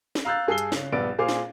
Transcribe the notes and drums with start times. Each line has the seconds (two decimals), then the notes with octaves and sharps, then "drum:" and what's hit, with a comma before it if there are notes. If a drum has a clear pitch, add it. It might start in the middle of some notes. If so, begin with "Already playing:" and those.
0.15 drum: snare
0.25 F5 A#5 E6 F#6 G6 A6
0.47 G2 G#4 A5 E6 C7 G7
0.58 drum: hi-hat
0.72 C#3, drum: snare
0.92 A#1 G2 B3 D5 A6 D7
1.18 A#2 G#4 C5 F5 D6
1.28 drum: snare